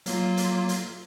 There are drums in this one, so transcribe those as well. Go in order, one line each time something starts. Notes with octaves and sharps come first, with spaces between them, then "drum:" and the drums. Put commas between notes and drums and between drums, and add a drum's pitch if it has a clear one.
F#3 A#3 F4, drum: hi-hat
drum: hi-hat
drum: hi-hat